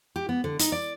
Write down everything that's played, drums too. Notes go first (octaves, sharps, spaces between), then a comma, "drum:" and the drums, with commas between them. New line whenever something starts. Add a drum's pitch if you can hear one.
G4
B3
D3
D#4, drum: hi-hat
D5